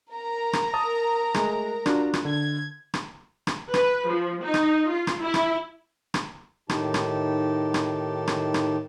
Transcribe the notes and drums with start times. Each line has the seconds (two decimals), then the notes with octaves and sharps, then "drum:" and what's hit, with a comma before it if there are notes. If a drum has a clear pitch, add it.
0.10 A#4 A#5
0.53 drum: rim click
0.74 A5 D#6 A6
1.34 G#3 A3, drum: rim click
1.86 D4 F4 F#4, drum: rim click
2.14 drum: rim click
2.25 D3 G#6
2.94 drum: rim click
3.47 drum: rim click
3.74 B4, drum: rim click
4.11 F3
4.44 D#4
4.54 drum: rim click
4.90 F4
5.07 drum: rim click
5.21 E4
5.34 drum: rim click
6.14 drum: rim click
6.69 A2 D#3 D#4 G4 A5, drum: rim click
6.94 drum: rim click
7.74 drum: rim click
8.27 drum: rim click
8.54 drum: rim click